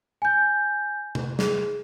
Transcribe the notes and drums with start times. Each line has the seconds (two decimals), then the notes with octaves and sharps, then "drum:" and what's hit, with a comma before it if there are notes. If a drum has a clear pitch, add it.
0.22 G#5 G6
1.15 drum: tom C3
1.39 G#4, drum: snare